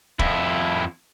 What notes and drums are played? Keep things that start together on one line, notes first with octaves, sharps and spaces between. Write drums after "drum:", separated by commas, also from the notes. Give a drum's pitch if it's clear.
F2 E4, drum: kick